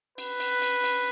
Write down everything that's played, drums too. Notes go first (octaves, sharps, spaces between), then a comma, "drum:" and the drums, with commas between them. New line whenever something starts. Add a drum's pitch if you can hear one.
B4, drum: cymbal
drum: cymbal
drum: cymbal
drum: cymbal